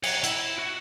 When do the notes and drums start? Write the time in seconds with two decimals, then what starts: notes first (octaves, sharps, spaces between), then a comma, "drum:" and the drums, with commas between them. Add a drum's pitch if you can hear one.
0.03 C#5 F#5, drum: cymbal
0.24 E4, drum: hi-hat
0.58 F#4